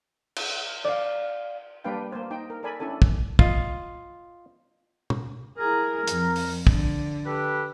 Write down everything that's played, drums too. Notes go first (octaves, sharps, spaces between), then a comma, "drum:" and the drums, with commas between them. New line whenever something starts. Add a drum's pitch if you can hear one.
drum: cymbal
D5 F5
G3 A#3 D4 B4 F5 G5
A#3 C5
D#4 G5
A#4
A4 A#4 D5 G#5 B5
C#4 D4 E4 A4 G#5
drum: kick
F4 D#5, drum: kick
drum: tom
E4 G#4 A#4
F2, drum: hi-hat
drum: open hi-hat
D3, drum: kick
G4 A4 B4